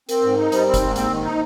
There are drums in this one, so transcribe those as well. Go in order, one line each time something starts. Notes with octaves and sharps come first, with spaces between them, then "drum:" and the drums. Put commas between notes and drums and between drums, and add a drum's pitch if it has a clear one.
C4 A#4, drum: hi-hat
G#2
D#4
G3 C5, drum: hi-hat
C4
D#4, drum: kick F#1, hi-hat
G#2
A#3 C4, drum: hi-hat
D#3
D#4